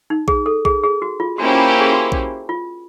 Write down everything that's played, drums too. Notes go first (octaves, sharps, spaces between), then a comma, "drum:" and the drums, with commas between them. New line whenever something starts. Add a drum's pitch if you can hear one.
D#4
G#4, drum: kick A#1
A4
G#4, drum: kick A#1
G#4
F#4
F4
A#3 C#4 E4 F#4 G4 C5
F4
G#4
F#4
drum: kick A#1
F4